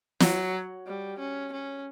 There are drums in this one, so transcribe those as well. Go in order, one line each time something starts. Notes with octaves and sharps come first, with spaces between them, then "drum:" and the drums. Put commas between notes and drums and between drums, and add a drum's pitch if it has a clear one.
F#3, drum: snare
G3
C#4
C#4